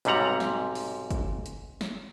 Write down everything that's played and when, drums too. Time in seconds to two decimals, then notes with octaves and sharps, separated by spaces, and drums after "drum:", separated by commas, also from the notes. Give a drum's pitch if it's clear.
0.05 B1 G#2 C3 G3 F#5 A#5, drum: hi-hat
0.40 drum: snare
0.75 drum: open hi-hat
1.11 drum: kick, hi-hat
1.46 drum: hi-hat
1.81 drum: snare